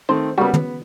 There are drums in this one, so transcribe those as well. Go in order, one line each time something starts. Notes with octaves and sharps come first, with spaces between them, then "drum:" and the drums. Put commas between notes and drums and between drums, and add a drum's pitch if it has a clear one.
D#3 A3 C4 C5
C#3 G3 A#3 B3 F#4
B3, drum: tom